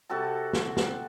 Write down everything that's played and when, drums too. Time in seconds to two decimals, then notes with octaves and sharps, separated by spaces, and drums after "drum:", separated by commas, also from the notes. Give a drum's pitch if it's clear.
0.09 C3 F#4 A4 A5
0.53 drum: snare
0.77 drum: snare